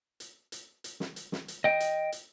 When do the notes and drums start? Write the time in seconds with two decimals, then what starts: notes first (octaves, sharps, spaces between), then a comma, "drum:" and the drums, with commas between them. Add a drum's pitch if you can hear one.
0.20 drum: hi-hat
0.52 drum: hi-hat
0.84 drum: hi-hat
1.00 drum: snare
1.16 drum: hi-hat
1.32 drum: snare
1.48 drum: hi-hat
1.64 D#5 G5
1.80 drum: hi-hat
2.12 drum: hi-hat